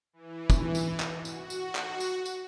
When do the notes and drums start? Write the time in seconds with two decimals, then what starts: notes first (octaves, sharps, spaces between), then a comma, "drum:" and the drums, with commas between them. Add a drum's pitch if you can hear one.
0.13 E3
0.50 drum: kick, tambourine
0.75 drum: tambourine
1.00 drum: clap
1.25 F#4, drum: tambourine
1.50 drum: tambourine
1.75 drum: clap
2.00 drum: tambourine
2.25 drum: tambourine